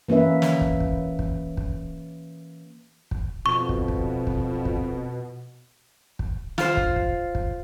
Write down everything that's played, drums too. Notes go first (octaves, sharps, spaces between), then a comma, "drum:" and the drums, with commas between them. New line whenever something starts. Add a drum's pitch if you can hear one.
E3 A#3 C#4 B4 E5
drum: snare
drum: kick
drum: kick
drum: kick
drum: kick
drum: kick
F2 B2 C#6
drum: kick
drum: kick
drum: kick
drum: kick
drum: kick
F4 C5, drum: snare
drum: kick
drum: kick
drum: kick